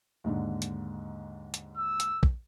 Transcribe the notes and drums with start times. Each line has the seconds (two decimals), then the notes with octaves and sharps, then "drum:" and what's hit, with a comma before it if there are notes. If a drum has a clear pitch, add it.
0.24 D#2 G#2 D3
0.62 drum: hi-hat
1.54 drum: hi-hat
1.77 E6
2.00 drum: hi-hat
2.23 drum: kick